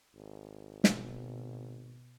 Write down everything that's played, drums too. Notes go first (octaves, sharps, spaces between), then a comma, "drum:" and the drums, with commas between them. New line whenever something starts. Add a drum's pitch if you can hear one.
G#1
B2, drum: snare